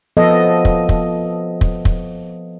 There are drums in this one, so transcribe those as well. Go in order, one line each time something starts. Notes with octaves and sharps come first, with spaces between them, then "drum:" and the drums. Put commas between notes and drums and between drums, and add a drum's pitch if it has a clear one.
F3 B3 A4 D#5
drum: kick
drum: kick
drum: kick
drum: kick